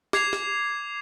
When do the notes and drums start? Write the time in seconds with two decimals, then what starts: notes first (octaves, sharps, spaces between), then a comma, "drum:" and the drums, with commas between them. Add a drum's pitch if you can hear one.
0.13 D6 G#6 C7 F7, drum: snare
0.33 drum: snare